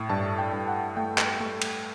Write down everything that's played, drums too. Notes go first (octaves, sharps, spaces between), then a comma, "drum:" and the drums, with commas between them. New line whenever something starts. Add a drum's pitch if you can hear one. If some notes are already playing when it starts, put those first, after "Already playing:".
Already playing: A2
G2 A5
G5
G2
F#5
A3 G5
drum: clap
A3
drum: cymbal